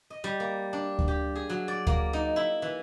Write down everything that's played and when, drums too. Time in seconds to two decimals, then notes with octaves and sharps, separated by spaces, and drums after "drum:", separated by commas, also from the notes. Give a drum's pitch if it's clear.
0.10 D#5
0.24 G3
0.40 A#3
0.73 D4
0.99 drum: kick D2
1.08 G4
1.35 G#4
1.50 F#3
1.68 D5
1.87 A#3, drum: kick D2
2.13 D#4
2.36 E4
2.62 E3